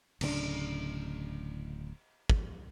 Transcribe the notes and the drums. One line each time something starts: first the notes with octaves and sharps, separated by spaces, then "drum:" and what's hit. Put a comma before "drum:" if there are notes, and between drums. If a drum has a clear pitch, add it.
D1 C#3 C4 D4, drum: cymbal
drum: kick